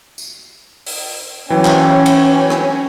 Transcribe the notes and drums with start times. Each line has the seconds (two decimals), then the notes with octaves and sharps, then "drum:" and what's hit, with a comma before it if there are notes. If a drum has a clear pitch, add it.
0.18 drum: tambourine
0.86 drum: open hi-hat
1.50 E3 F#3 C#4 C#5 G5
1.65 drum: clap
2.06 drum: cymbal
2.50 drum: rim click